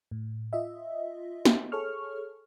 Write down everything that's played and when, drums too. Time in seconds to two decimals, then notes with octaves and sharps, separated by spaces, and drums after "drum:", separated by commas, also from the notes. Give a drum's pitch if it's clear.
0.11 A2
0.53 F4 D#5 E5
1.45 drum: snare
1.72 G#4 A4 C#5 C#6 F6